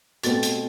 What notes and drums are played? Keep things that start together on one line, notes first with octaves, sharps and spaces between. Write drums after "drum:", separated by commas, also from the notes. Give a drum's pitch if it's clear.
B2 A3 C4 A6, drum: hi-hat
drum: hi-hat